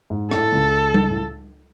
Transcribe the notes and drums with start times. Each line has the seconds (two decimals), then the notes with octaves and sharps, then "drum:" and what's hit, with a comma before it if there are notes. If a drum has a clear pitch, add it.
0.10 G#2
0.31 A2 A4, drum: rim click
0.52 C#2 C#3
0.94 drum: tom G3
1.09 A2